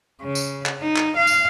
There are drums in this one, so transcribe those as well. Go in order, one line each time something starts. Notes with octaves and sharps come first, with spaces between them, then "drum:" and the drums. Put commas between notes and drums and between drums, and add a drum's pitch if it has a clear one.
C#3
drum: tambourine
drum: clap
D#4
drum: clap
F5
drum: tambourine